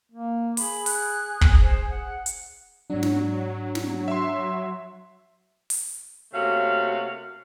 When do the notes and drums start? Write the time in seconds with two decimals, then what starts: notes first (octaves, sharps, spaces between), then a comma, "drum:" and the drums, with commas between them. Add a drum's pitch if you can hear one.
0.12 A#3
0.57 G#4 B5, drum: open hi-hat
0.86 F#6, drum: open hi-hat
1.41 drum: kick
1.61 C5
1.90 F#5
2.26 drum: hi-hat
2.90 G#2 F#3 D4
3.03 drum: snare
3.75 drum: snare
4.08 E5 C6
5.70 drum: open hi-hat
6.34 C3 A3 A#3 C#4 F#4 F5